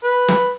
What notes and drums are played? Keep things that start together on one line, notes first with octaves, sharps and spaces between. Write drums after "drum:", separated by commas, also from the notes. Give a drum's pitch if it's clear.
B4
drum: snare